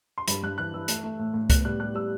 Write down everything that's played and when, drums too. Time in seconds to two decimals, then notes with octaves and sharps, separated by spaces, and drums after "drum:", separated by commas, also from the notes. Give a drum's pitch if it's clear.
0.18 C6
0.28 G2 B5, drum: hi-hat
0.43 G2 F#6
0.58 E3 F#6
0.74 E3 E6
0.88 A3, drum: hi-hat
1.04 A3
1.19 A2
1.34 A2
1.50 B3 F#6, drum: kick C#2, hi-hat
1.65 G3 F#6
1.80 G3 F#6
1.95 G3 E6